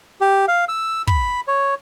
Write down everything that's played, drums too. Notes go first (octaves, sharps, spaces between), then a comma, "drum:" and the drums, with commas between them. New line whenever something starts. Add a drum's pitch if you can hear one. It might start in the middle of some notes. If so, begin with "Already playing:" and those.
G4
F5
E6
B5, drum: kick
C#5